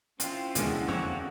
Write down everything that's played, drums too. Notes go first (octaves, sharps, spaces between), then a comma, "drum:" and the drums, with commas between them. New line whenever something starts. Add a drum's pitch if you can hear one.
C4 C#4 E4 F4, drum: hi-hat
D#2 B2 D3 E3 G#3 A#3, drum: hi-hat
F2 A#3 C4 F#4 C#5